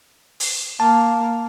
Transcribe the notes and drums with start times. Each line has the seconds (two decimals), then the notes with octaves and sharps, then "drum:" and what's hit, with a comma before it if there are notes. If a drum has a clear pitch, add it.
0.40 drum: open hi-hat
0.80 A#3 A5